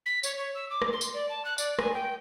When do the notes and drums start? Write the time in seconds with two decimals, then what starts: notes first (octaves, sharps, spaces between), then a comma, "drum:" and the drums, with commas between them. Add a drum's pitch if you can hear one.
0.06 B6
0.23 C#5, drum: tambourine
0.38 C#5
0.55 E6
0.70 D6
0.82 drum: rim click
0.92 C6
1.01 drum: tambourine
1.14 D5
1.29 A5
1.45 F#6
1.58 D5, drum: tambourine
1.79 G#5, drum: rim click
1.94 G5